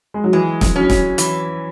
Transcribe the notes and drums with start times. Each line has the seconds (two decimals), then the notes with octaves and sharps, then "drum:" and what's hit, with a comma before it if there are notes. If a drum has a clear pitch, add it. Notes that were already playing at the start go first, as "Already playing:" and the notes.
0.14 G#3
0.24 F#3
0.33 E3 G#3
0.61 drum: snare
0.76 F#3 C#4
0.90 drum: snare
1.18 E3, drum: hi-hat